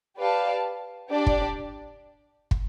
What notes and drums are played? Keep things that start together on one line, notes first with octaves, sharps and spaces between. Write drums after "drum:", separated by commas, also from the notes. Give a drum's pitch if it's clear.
G4 B4 D5 F5 A5
D4 G4 D5
drum: kick
drum: kick